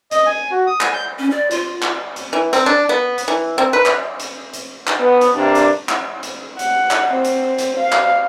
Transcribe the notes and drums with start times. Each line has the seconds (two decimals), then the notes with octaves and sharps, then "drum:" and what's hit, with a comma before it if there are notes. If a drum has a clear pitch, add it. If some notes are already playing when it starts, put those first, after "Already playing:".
0.11 D#5, drum: hi-hat
0.26 G#5
0.51 F#4
0.67 D#6
0.81 G#5, drum: clap
0.94 G6
1.19 C#4
1.31 D5
1.51 F4, drum: hi-hat
1.82 drum: clap
2.16 drum: hi-hat
2.33 E3
2.53 C4, drum: hi-hat
2.66 D4
2.89 B3
3.18 drum: hi-hat
3.28 E3
3.58 C4
3.73 B4
3.86 drum: clap
4.20 drum: hi-hat
4.53 drum: hi-hat
4.87 drum: clap
4.99 B3
5.21 drum: hi-hat
5.35 G2 C3 A#3 D4
5.55 drum: hi-hat
5.89 drum: clap
6.23 drum: hi-hat
6.59 F#5, drum: hi-hat
6.91 drum: clap
7.13 C4
7.25 drum: hi-hat
7.58 drum: hi-hat
7.77 F5
7.92 drum: clap